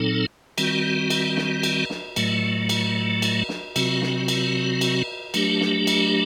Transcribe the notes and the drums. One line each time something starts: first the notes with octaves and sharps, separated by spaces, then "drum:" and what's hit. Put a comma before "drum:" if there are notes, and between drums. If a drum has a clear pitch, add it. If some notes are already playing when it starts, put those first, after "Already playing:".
Already playing: A#2 F#3 C4 D#4 A4
D#3 G3 C4 F#4, drum: cymbal
drum: cymbal
drum: snare
drum: cymbal
drum: snare
A2 F#3 A3, drum: cymbal
drum: cymbal
drum: cymbal
drum: snare
C3 F#3 C4 F#4, drum: cymbal
drum: snare
drum: cymbal
drum: cymbal
F#3 A3 D4 G4, drum: cymbal
drum: snare
drum: cymbal